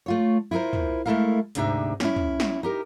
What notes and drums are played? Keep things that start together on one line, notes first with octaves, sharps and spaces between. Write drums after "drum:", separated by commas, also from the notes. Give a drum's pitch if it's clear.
A3 F4 C#5
E4 F4 G#4 A#4 C5
drum: tom
G#3 A3 E4 A4 A#4 F5
D2 G#2 C3 D4 D#4 E5, drum: hi-hat
C#4 E4, drum: snare
drum: tom
drum: snare
D#4 G4 A#4